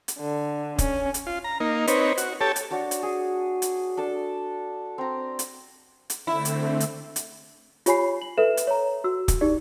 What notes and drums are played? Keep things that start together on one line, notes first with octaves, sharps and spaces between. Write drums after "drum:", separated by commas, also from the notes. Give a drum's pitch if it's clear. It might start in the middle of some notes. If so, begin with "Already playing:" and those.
drum: hi-hat
D3
C#4, drum: kick, hi-hat
drum: hi-hat
F4
A#5
A#3 D#4
C4 D#4 B4 C#5, drum: hi-hat
F#4, drum: hi-hat
G4 A4 C#5 A5
drum: hi-hat
D4 F#4 C#5 A5
drum: hi-hat
G#4
drum: hi-hat
D4 A4 A5
C4 A#5
drum: hi-hat
drum: hi-hat
D3 A3 C4 E4
drum: hi-hat
drum: hi-hat
drum: hi-hat
F4 G4 C#5 G#5 B5 C7, drum: hi-hat
F#7
A4 B4 E5 E7
drum: hi-hat
C#5 A#5
F#4 E6
drum: kick, hi-hat
D#4 G4 D5